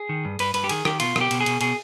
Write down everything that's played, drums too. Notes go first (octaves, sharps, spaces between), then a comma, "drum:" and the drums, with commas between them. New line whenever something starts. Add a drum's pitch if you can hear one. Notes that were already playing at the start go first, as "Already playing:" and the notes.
Already playing: G#4
D#3
G2
G2 B4, drum: cymbal
G2 B4, drum: cymbal
G4
D#3 G#4, drum: cymbal
D#3 G4, drum: rim click
B2 F4, drum: cymbal
B2, drum: rim click
G4
B2, drum: cymbal
G#4
B2, drum: cymbal
B2 G#4, drum: cymbal